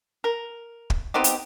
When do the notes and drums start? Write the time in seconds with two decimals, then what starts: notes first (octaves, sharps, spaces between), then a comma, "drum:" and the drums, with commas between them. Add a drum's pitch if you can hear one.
0.24 A#4
0.90 drum: kick
1.14 B3 C4 D#4 G4
1.24 drum: hi-hat